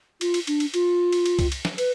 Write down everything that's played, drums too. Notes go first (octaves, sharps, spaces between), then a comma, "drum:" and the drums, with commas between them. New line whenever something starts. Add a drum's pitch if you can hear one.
F4, drum: cymbal
drum: cymbal
D4, drum: cymbal
drum: cymbal
F4, drum: cymbal
drum: cymbal
drum: cymbal
drum: kick C2, cymbal
drum: cymbal
drum: snare
B4, drum: cymbal